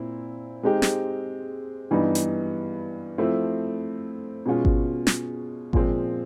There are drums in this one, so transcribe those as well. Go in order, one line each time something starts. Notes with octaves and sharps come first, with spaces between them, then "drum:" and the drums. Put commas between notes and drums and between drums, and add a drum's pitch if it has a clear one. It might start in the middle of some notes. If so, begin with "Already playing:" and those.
Already playing: A#2 C4 E4
G#3 C4 D#4 G4
drum: snare
G2 E3 G3 B3 D#4
drum: hi-hat
F3 A3 C4 E4
B2 G#3 C#4 F4
drum: kick G#1
drum: snare
A#2 F3 G#3 C4, drum: kick G#1